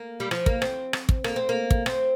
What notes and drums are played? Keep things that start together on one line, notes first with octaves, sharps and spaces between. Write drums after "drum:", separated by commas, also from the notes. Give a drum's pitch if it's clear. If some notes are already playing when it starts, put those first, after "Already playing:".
Already playing: A#3
G3
F3, drum: rim click
A#3, drum: kick
C4, drum: rim click
drum: rim click
drum: kick
A#3, drum: rim click
C4
A#3
drum: kick
C4, drum: rim click